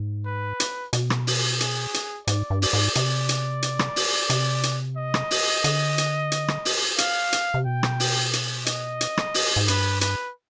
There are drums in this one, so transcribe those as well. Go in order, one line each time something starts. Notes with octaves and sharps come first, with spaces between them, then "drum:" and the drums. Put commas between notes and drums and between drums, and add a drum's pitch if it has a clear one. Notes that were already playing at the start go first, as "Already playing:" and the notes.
Already playing: G#2
B4
drum: hi-hat
B2, drum: hi-hat
drum: rim click
drum: open hi-hat
G#4, drum: hi-hat
drum: hi-hat
G#2 D5, drum: hi-hat
G2
D5, drum: open hi-hat
G#2
C3 D5, drum: hi-hat
drum: hi-hat
drum: hi-hat
drum: rim click
drum: open hi-hat
C3, drum: hi-hat
drum: hi-hat
D#5
drum: rim click
drum: open hi-hat
D3, drum: hi-hat
drum: hi-hat
drum: hi-hat
drum: rim click
drum: open hi-hat
F5, drum: hi-hat
drum: hi-hat
C3
B2 G5
drum: rim click
drum: open hi-hat
drum: hi-hat
D#5, drum: hi-hat
drum: hi-hat
drum: rim click
drum: open hi-hat
G#2
G2 B4, drum: hi-hat
B4, drum: hi-hat